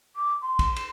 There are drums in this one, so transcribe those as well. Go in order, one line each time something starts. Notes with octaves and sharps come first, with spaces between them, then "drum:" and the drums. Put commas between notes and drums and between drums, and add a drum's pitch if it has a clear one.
D6
C6
drum: kick, cymbal
drum: cymbal